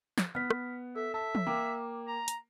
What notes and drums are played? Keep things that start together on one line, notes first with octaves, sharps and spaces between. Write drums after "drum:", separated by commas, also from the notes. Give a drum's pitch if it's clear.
drum: snare
B3 F6 B6
drum: rim click
A4 E5
E5 A5
drum: tom
A#3 G5 D6
A#5
drum: hi-hat